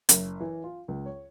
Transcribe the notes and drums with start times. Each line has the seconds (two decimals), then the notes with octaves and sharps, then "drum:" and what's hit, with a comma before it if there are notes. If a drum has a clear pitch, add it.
0.09 F#1, drum: hi-hat
0.40 E3
0.64 F4
0.88 C#2
1.06 C#5